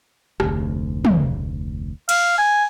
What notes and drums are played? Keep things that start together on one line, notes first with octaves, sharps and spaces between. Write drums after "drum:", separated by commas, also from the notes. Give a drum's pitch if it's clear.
F1 D2, drum: rim click
drum: tom
F5, drum: cymbal
G#5